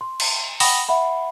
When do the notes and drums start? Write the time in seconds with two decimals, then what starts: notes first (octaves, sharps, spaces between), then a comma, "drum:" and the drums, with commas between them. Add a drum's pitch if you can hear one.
0.01 C6
0.20 drum: cymbal
0.60 F#5 G5 B5 D#6 A#6, drum: open hi-hat
0.89 E5 F#5 B5